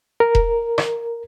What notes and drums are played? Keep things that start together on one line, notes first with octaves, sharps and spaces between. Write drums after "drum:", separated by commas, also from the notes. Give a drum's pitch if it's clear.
A#4
drum: kick E1
drum: rim click